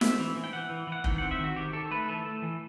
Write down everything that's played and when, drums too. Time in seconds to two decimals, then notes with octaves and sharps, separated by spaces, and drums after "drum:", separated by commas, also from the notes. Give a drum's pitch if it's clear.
0.01 C4 E5, drum: snare
0.19 E3
0.36 E3
0.44 G5
0.53 E3 F#5
0.70 E3
0.87 E3
0.92 F#5
1.04 D#3 G5, drum: kick F1
1.18 C4 F#5
1.31 E5
1.39 D#3
1.44 F#4
1.56 D#3 G4
1.73 D#3 A4
1.91 A3 B4
2.08 E3 A4
2.25 A3
2.42 E3